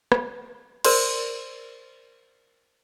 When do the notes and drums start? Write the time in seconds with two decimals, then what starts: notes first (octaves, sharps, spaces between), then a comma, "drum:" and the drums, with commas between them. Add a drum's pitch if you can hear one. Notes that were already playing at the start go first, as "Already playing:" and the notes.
0.12 drum: rim click
0.85 A#4 C5 D5 C6, drum: cymbal